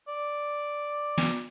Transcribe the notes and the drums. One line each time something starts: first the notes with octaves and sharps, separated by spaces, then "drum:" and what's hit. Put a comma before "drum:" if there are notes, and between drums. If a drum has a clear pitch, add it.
D5
drum: snare